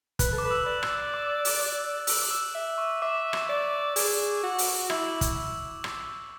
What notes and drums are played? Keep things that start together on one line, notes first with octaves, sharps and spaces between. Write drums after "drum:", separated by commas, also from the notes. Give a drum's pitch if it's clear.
B4 F#6, drum: kick, hi-hat
A4
D6
B4
E6
D5
E6, drum: rim click
D6
drum: open hi-hat
D6
E6, drum: open hi-hat
D6
E6
E5
C#6
E5 D6
drum: rim click
D5
G#4, drum: open hi-hat
F#4
drum: open hi-hat
E4 E6, drum: rim click
drum: kick, hi-hat
drum: rim click